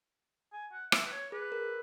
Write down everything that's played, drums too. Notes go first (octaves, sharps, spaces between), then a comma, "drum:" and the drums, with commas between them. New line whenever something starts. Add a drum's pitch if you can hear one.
G#5
F#5
E5, drum: rim click
B4
C#5
G#4 B4
A#4